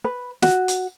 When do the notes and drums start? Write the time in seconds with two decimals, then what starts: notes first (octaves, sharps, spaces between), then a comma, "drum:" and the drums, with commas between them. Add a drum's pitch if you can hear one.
0.04 B4
0.42 F#4, drum: snare
0.68 drum: hi-hat